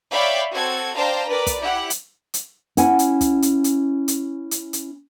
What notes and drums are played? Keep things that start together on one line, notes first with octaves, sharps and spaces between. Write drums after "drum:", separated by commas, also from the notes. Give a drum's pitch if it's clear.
C#5 D5 E5 F5 G5 B5
C4 F#4 A4 G#6
D4 C5 F5 G5 A5 A#5
A#4 B4 D5
drum: kick, hi-hat
E4 G4 F#5
drum: hi-hat
drum: hi-hat
C#4 E4 F#5 G#5, drum: hi-hat
drum: hi-hat
drum: kick, hi-hat
drum: hi-hat
drum: hi-hat
drum: hi-hat
drum: hi-hat
drum: hi-hat